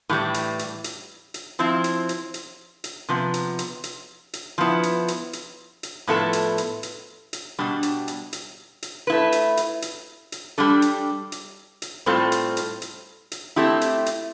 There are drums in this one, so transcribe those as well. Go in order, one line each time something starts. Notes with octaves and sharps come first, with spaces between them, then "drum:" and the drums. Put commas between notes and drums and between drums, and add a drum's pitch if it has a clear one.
A2 E3 G3
drum: hi-hat
drum: hi-hat
drum: hi-hat
drum: hi-hat
F3 C4 E4
drum: hi-hat
drum: hi-hat
drum: hi-hat
drum: hi-hat
C3 F3 B3
drum: hi-hat
drum: hi-hat
drum: hi-hat
drum: hi-hat
F3 B3 E4
drum: hi-hat
drum: hi-hat
drum: hi-hat
drum: hi-hat
A2 F3 B3 E4 A4
drum: hi-hat
drum: hi-hat
drum: hi-hat
drum: hi-hat
B2 G3 D4
drum: hi-hat
drum: hi-hat
drum: hi-hat
drum: hi-hat
A3 E4 B4
drum: hi-hat
drum: hi-hat
drum: hi-hat
drum: hi-hat
G3 D4 A4
drum: hi-hat
drum: hi-hat
drum: hi-hat
A2 G3 C4 F4 A4
drum: hi-hat
drum: hi-hat
drum: hi-hat
drum: hi-hat
A3 C4 E4 G4
drum: hi-hat
drum: hi-hat